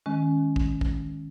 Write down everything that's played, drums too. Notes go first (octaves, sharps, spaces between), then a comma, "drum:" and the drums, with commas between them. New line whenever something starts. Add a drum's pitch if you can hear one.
D#3 G#3 C#4
drum: kick
drum: kick